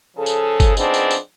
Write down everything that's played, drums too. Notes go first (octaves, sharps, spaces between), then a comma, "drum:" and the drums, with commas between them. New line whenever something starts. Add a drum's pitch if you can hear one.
C#3 F3 G#4 A4
drum: tambourine
drum: kick G1, tambourine
F3 B3 C4 D4 D#4 G#4, drum: tambourine
drum: tambourine
drum: tambourine